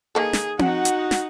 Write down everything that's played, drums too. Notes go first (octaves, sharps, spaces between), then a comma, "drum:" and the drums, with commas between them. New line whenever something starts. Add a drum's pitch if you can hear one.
D#3 A#3 G#4 A4
drum: snare
D#4 F#4 F#5, drum: tom C4
drum: hi-hat
drum: snare